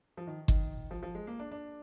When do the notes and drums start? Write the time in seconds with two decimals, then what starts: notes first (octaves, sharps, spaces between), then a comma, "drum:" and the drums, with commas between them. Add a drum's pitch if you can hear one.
0.17 F3
0.27 D#3
0.48 D#3, drum: kick G1
0.91 F3
1.03 F3
1.15 G#3
1.27 A#3
1.40 D4
1.52 D4